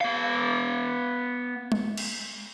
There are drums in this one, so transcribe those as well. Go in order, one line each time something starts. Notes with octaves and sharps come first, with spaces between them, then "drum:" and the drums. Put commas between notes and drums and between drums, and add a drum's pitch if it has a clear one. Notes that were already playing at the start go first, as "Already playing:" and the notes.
B3 F5
drum: tom G#3
drum: cymbal